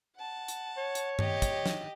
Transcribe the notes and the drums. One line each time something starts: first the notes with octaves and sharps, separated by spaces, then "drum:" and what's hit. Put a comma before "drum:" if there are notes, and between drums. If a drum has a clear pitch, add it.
F#5 A5
drum: hi-hat
C#5
drum: hi-hat
G4 D#5, drum: tom G2
drum: kick, hi-hat
drum: snare